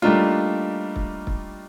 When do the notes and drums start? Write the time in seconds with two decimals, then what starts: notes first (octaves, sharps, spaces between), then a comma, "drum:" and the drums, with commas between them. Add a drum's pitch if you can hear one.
0.02 G3 A3 A#3 D4 D#4 F4, drum: tom G3
0.96 drum: kick
1.27 drum: kick